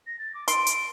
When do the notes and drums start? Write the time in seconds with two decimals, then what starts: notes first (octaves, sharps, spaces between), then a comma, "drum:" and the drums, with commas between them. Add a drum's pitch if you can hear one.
0.07 A#6
0.19 A6
0.34 D6
0.48 C6 D7, drum: hi-hat
0.67 drum: hi-hat